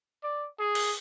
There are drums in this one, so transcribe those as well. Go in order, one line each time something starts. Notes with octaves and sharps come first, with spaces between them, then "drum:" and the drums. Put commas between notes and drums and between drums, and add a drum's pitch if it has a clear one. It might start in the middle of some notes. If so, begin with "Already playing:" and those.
D5
G#4
drum: cymbal